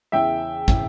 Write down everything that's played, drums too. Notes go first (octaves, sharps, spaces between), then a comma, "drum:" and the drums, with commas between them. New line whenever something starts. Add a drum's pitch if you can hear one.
E2 C#3 E3 E5 G5
C#3 E3, drum: kick